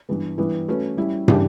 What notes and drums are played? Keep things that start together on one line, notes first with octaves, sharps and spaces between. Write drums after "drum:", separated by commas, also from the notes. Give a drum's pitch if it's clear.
G2 E3 B3
G2 E3 G3 B3 E4
A3 C#4 F#4 B4
G3 C#4 E4
C#3 E3 G3 D4 G4, drum: tom